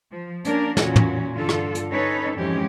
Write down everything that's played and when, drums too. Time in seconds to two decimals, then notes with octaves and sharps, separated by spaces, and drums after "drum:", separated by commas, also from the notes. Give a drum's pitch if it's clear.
0.11 F3
0.45 A#3 C#4 D4 A#4, drum: hi-hat
0.77 A#2 E3 C#4 F#4, drum: snare
0.96 drum: tom
1.33 G2 D3 D4 F4 A4
1.49 drum: rim click
1.75 drum: hi-hat
1.90 C#4 D#4 A4 B4 C#5
2.36 F2 G#2 E3 G#3 C#4 G4